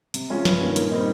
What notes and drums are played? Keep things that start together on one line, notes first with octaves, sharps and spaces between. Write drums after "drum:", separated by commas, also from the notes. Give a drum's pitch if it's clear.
C3, drum: hi-hat
F3 G#3 C#4 F4
G2, drum: snare
D#3 A#3 C#4
A#2, drum: hi-hat
G3 C4 D#4